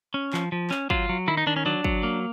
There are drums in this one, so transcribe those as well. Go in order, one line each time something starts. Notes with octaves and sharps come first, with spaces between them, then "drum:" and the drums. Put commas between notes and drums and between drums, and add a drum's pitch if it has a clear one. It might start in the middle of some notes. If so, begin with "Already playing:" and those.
C#4
F3, drum: clap
F3
C#4, drum: clap
F#3 F4, drum: kick
F#3
D#3 E4
D#4
D#3 D4
C#4
F#3 D4
F#3, drum: kick
A#3